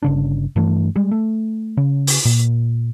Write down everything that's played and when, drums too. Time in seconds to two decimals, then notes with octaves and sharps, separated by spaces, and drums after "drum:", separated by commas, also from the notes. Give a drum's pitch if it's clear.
0.03 G1 C#3 D4
0.56 G2 E3 A3
0.96 G3 G#3
1.11 A3
1.77 C#3
2.07 drum: open hi-hat
2.25 A#2